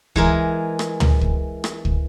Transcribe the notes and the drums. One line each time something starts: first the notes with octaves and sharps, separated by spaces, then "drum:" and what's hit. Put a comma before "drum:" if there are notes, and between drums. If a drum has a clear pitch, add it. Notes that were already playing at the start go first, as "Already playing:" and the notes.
E3 G#3 A#4, drum: kick
drum: rim click
drum: tom
drum: kick
drum: rim click
drum: kick